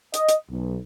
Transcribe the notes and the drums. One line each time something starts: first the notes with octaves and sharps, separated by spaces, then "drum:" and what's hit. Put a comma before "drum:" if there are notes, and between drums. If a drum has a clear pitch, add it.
D#5, drum: hi-hat
drum: hi-hat
B1